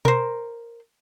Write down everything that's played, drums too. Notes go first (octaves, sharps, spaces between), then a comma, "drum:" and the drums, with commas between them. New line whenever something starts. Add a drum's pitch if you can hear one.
A#4 C5, drum: tom B2